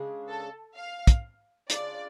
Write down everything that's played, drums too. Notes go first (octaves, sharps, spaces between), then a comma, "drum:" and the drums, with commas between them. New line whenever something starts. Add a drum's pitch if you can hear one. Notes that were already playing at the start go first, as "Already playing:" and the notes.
Already playing: C#3 G#3 D4 G#4
A4
F5
drum: kick, hi-hat
C#3 G#3 D4 F4 D5, drum: hi-hat